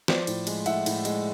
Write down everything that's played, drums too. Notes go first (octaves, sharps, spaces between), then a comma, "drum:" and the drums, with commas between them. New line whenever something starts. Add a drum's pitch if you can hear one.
F3 C5 D5, drum: snare
A2, drum: cymbal
G#3, drum: cymbal
A2 E5 F#5, drum: cymbal
A2, drum: cymbal
G#3, drum: cymbal